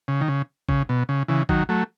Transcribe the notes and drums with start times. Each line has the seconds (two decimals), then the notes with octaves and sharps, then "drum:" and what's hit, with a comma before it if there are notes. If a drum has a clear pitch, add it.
0.08 C#3
0.21 D#3
0.28 C#3
0.69 C#3, drum: kick
0.89 B2
1.09 C#3
1.28 C#3 E3
1.49 D#3 F#3, drum: kick
1.69 F#3 A3